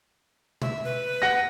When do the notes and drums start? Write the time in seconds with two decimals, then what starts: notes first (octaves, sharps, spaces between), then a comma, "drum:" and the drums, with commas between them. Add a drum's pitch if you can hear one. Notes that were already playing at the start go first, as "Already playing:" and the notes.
0.62 E5, drum: tom B2
0.84 B4
1.22 F#5 F#6 A#6